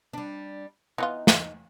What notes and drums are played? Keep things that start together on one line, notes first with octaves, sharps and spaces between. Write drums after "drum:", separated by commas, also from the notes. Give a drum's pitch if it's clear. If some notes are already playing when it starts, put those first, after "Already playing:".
G3 D4
E3 B3 D#4 F4
drum: snare